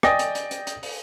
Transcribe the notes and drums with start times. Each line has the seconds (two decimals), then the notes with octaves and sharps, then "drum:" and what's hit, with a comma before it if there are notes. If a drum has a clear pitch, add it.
0.03 D5 D#5 G5 G#5 D#6 A#6, drum: rim click
0.19 drum: hi-hat
0.35 drum: hi-hat
0.51 drum: hi-hat
0.67 drum: hi-hat
0.83 drum: open hi-hat